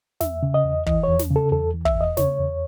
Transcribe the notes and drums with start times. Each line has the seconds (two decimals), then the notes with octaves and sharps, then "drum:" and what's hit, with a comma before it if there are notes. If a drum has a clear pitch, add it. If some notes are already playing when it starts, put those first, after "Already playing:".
0.21 E2 E5, drum: snare
0.43 C#3
0.54 D#5
0.65 E2
0.86 E3 D#5, drum: kick
1.03 C#5
1.09 E2
1.19 drum: snare
1.30 C#3
1.36 A4
1.51 E2 A4
1.74 E3
1.85 E5, drum: kick
1.96 E2 D#5
2.17 C#3 C#5, drum: snare
2.39 E2